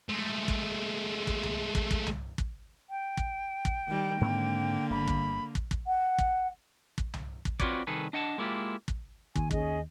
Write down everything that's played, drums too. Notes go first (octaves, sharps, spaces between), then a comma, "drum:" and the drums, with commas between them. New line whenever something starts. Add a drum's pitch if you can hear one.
G#3 A3
drum: kick
drum: kick
drum: tom C2
drum: kick
drum: kick
drum: tom C2
drum: kick
G5
drum: kick
drum: kick
D#3 G3
G#2 D3 G#3 A#3 C4
G1 B5
drum: kick
drum: kick
drum: kick
F#5
drum: kick
drum: kick
drum: tom C2
drum: kick
C4 F4 F#4 B4 C#5 D5, drum: kick
C2 D#3 G#4 A4 B4
D4 D#5 F#5 G#5 A5
G#3 A#3 E4 F4 G4
drum: kick
D#2 G#5, drum: kick
C#4 G#4 D#5, drum: kick